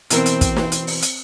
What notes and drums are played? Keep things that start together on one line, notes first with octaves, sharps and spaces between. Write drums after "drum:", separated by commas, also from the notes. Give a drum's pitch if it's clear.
B2 E3 C4 A#4, drum: hi-hat
drum: hi-hat
drum: kick, hi-hat
drum: snare
drum: hi-hat
drum: open hi-hat
drum: hi-hat